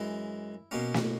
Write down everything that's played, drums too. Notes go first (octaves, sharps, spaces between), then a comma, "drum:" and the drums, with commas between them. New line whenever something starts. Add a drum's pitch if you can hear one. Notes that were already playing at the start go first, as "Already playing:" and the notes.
Already playing: F#2 E3 G#3 E4
B2 A#3 C#4
drum: snare